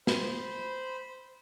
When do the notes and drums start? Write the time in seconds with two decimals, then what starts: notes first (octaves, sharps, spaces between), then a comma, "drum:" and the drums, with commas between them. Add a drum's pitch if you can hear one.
0.07 C5 B5, drum: snare